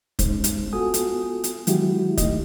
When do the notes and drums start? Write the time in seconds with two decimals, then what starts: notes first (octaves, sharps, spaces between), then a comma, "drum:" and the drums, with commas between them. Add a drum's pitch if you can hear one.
0.19 G#3 C#4 D#4 C5, drum: kick, hi-hat
0.44 drum: hi-hat
0.73 B3 F4 F#4 A4 G#5 D#6
0.94 drum: hi-hat
1.44 drum: hi-hat
1.67 D#3 F#3 G#3 E4 F#4 G4, drum: hi-hat
2.18 A3 D#4 G4 D#5, drum: kick, hi-hat